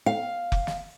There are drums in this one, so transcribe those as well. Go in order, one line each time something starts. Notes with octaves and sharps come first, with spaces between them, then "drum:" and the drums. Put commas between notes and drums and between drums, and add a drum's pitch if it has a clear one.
F5
drum: kick F1
drum: snare